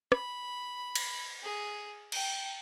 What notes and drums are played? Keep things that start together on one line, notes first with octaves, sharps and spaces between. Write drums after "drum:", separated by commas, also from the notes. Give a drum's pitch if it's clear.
B5, drum: rim click
drum: cymbal
G#4
G5, drum: cymbal